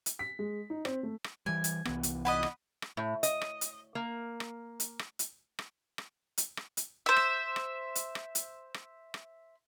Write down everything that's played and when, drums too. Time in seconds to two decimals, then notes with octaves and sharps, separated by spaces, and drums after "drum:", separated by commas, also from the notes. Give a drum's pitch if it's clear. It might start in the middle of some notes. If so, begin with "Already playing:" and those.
0.06 drum: hi-hat
0.19 B6
0.39 G#3
0.70 D#4
0.85 C4, drum: rim click
1.03 A3
1.24 drum: rim click
1.46 E3 G3 G#5
1.64 drum: hi-hat
1.85 C2 E3 B3, drum: rim click
2.03 drum: hi-hat
2.25 E4 D5 D#5 F#5 B5 D#6
2.43 drum: rim click
2.82 drum: rim click
2.97 A2
3.23 D#5, drum: hi-hat
3.41 drum: rim click
3.61 drum: hi-hat
3.95 A#3
4.40 drum: rim click
4.80 drum: hi-hat
4.99 drum: rim click
5.19 drum: hi-hat
5.59 drum: rim click
5.98 drum: rim click
6.38 drum: hi-hat
6.57 drum: rim click
6.77 drum: hi-hat
7.06 C5 E5
7.16 drum: rim click
7.56 drum: rim click
7.95 drum: hi-hat
8.15 drum: rim click
8.35 drum: hi-hat
8.74 drum: rim click
9.14 drum: rim click